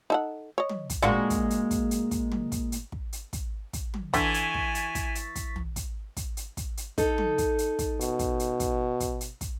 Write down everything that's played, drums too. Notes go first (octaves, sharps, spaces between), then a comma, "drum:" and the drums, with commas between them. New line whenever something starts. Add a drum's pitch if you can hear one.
D#4 A4 F#5
C#5 D#5
drum: tom
drum: kick, hi-hat
A#2 D3 G#3 C4 F4 F#4
drum: kick, hi-hat
drum: hi-hat
drum: kick, hi-hat
drum: hi-hat
drum: kick, hi-hat
drum: tom
drum: kick, hi-hat
drum: hi-hat
drum: kick
drum: hi-hat
drum: kick, hi-hat
drum: kick, hi-hat
drum: tom
D3 E3 G#5 C#6 A6 B6, drum: kick, hi-hat
drum: hi-hat
drum: kick
drum: hi-hat
drum: kick, hi-hat
drum: hi-hat
drum: kick, hi-hat
drum: tom
drum: kick, hi-hat
drum: kick, hi-hat
drum: hi-hat
drum: kick, hi-hat
drum: hi-hat
D#4 A4, drum: kick, hi-hat
drum: tom
drum: kick, hi-hat
drum: hi-hat
drum: kick, hi-hat
B2, drum: hi-hat
drum: kick, hi-hat
drum: hi-hat
drum: kick, hi-hat
drum: kick, hi-hat
drum: hi-hat
drum: kick, hi-hat